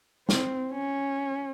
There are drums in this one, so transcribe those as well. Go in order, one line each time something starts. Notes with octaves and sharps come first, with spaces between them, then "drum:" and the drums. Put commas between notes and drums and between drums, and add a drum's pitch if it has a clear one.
C4, drum: snare
C#4